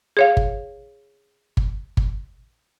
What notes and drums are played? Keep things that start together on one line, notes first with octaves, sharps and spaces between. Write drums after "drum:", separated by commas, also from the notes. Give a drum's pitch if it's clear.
G#4 C#5 F5
drum: kick G1
drum: kick G1
drum: kick G1